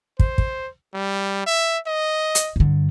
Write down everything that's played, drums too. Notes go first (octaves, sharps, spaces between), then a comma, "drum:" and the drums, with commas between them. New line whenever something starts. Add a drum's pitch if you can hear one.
C5, drum: kick
drum: kick
G3
E5
D#5
drum: hi-hat
G2 D3